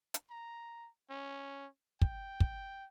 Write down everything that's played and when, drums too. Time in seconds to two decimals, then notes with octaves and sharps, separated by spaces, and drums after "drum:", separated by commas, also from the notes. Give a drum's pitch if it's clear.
0.14 drum: hi-hat
0.30 A#5
1.10 C#4
2.02 G5, drum: kick
2.40 drum: kick